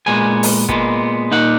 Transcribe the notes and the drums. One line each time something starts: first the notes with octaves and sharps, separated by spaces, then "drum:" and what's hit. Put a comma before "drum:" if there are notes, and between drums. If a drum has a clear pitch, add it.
A#2 G#3 B3 G#5
drum: open hi-hat
A#2 G#3 B3, drum: kick
A#2 A#3 D#4 F#5